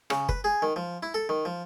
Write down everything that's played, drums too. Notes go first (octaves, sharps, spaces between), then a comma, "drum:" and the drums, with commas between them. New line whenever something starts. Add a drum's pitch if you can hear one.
C#3, drum: rim click
B4, drum: kick F#1
G#4
D#3
F3
E4
A4
D#3
F3